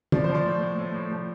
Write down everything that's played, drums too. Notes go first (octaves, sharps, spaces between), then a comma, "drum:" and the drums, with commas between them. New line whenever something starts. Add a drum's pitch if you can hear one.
F3 D5, drum: tom
C5
F3
D5
A2
A2
A2
A2
F3